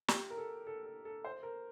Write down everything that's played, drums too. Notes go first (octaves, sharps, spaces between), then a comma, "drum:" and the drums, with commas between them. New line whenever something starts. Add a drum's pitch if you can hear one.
G4, drum: snare
A#4
A4
A4
A4
A4
C5
A#4